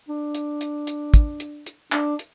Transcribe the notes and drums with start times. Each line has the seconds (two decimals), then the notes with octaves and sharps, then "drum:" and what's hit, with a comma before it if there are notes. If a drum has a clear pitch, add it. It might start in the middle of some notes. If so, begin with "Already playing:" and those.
0.09 D4
0.34 drum: hi-hat
0.61 drum: hi-hat
0.87 drum: hi-hat
1.14 drum: kick, hi-hat
1.40 drum: hi-hat
1.66 drum: hi-hat
1.92 D4, drum: clap
2.19 drum: hi-hat